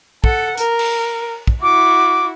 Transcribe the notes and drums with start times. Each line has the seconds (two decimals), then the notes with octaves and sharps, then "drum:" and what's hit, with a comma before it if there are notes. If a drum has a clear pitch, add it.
0.24 A4 F#5, drum: kick
0.57 A#4, drum: hi-hat
0.79 drum: cymbal
1.47 drum: kick
1.62 E4 F#4 D6